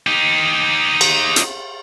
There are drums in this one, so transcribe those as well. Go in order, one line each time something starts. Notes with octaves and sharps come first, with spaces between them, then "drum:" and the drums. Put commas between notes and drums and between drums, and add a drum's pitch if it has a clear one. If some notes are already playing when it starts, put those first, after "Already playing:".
D#4 G4
drum: cymbal
drum: hi-hat